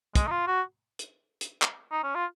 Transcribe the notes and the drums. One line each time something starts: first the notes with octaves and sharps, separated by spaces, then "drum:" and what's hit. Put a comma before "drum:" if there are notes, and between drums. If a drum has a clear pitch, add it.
G#3, drum: kick, hi-hat
D#4
F4
F#4
drum: hi-hat
drum: hi-hat
drum: clap
D#4
C#4
F4